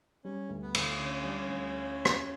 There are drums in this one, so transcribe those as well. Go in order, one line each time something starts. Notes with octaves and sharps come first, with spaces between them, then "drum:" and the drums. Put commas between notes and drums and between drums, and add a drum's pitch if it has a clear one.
G3 C#4
D2
B3
D2, drum: cymbal
D3 C#4
G3 D4
C#4
D2
drum: rim click